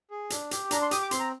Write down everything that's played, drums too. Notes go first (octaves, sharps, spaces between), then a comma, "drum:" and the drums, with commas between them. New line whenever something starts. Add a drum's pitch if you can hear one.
G#4
D4, drum: hi-hat
G4, drum: hi-hat
D4 A#5, drum: hi-hat
C6
G4 D#6, drum: hi-hat
D6
C4 C6, drum: hi-hat
A#5